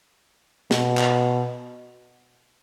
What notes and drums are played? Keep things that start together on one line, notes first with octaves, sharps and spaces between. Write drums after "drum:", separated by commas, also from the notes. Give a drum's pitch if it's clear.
B2, drum: snare
drum: clap